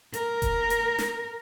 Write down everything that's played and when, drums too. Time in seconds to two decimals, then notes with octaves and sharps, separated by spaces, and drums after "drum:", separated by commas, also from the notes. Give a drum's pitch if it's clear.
0.14 A#4, drum: hi-hat
0.42 drum: kick F1, hi-hat
0.70 drum: hi-hat
0.99 drum: snare